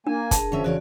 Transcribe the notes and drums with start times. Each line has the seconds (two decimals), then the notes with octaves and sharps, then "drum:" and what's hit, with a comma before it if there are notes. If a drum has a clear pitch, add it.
0.07 A#3 D4 G#5
0.31 G#4 A#4 A5, drum: kick, hi-hat
0.52 D3 F3 C#4 E5
0.64 E2 C#3 F#4 C#5 D5